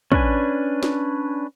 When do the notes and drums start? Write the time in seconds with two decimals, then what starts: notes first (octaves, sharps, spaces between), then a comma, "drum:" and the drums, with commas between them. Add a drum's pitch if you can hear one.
0.12 C#4 D4 B4 G#5, drum: kick
0.83 drum: snare